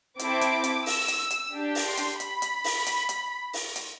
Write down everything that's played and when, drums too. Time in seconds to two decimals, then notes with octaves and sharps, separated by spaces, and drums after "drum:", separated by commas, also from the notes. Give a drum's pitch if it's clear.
0.19 C4 E4 A4 D6, drum: hi-hat
0.41 drum: hi-hat
0.64 drum: hi-hat
0.86 E6, drum: open hi-hat
1.08 drum: hi-hat
1.30 drum: hi-hat
1.53 D4 G4
1.75 drum: open hi-hat
1.86 C6
1.97 drum: hi-hat
2.20 B5, drum: hi-hat
2.42 drum: hi-hat
2.64 drum: open hi-hat
2.86 drum: hi-hat
3.09 drum: hi-hat
3.53 drum: open hi-hat
3.76 drum: hi-hat